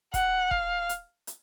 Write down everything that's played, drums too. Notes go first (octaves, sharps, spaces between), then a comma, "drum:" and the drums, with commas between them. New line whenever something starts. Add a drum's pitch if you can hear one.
F#5, drum: kick, hi-hat
F5, drum: kick
drum: hi-hat
drum: hi-hat